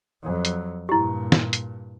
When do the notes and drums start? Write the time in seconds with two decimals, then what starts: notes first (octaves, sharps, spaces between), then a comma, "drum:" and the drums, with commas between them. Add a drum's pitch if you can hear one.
0.23 F2 F#3
0.45 drum: hi-hat
0.89 G2 A#2 E4 G4
1.32 drum: snare
1.53 drum: hi-hat